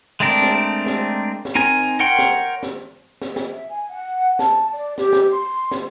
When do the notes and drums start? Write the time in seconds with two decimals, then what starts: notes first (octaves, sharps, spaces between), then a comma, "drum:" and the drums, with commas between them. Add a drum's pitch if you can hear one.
0.20 G#3 A3 C4 D4 A#4
0.42 drum: snare
0.86 drum: snare
1.45 drum: snare
1.55 C4 D#4 A#4 G#5
2.00 A#4 C#5 F#5 G5 C6
2.19 drum: snare
2.63 drum: snare
3.22 drum: snare
3.36 drum: snare
3.51 E5
3.69 G#5
3.89 F#5
4.39 A5, drum: snare
4.71 D5
4.98 G4, drum: snare
5.13 drum: snare
5.29 C6
5.71 drum: snare